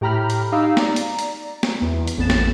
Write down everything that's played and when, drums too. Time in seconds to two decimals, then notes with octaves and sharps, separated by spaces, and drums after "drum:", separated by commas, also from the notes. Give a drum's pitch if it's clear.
0.01 A2 G4 G5 A#5 B5 F6
0.30 drum: hi-hat
0.52 D#4 G4 F5 E6
0.77 D5 A#5, drum: snare
0.96 drum: hi-hat
1.19 drum: hi-hat
1.63 drum: snare
1.82 E2
2.07 drum: hi-hat
2.17 A1 F2 B3 A6 E7
2.30 drum: snare